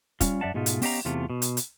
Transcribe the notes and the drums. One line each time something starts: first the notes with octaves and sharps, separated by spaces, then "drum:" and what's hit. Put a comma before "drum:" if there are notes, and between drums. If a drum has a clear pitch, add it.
G3 C#4 F4, drum: kick, hi-hat
F#2 D5 E5 F#5 A5
G#2 B2 G#3 A3 F4
drum: hi-hat
B3 C#4 G4 D#5 F5 A#5, drum: open hi-hat
E2 C3 A3 F4
B2
drum: hi-hat
drum: hi-hat